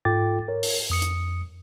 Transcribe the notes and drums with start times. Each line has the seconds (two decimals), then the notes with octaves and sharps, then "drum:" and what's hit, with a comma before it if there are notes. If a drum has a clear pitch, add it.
0.05 G#2 F4 A4 G5 D6 A6
0.48 A#4 C#5
0.63 drum: open hi-hat
0.90 F2 D#6 C#7
1.02 drum: hi-hat